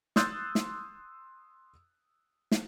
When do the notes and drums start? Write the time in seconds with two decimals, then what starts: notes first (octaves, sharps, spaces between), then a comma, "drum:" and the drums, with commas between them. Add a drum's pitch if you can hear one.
0.16 C6 D#6 E6 F#6 G6 A6, drum: snare
0.55 drum: snare
2.52 drum: snare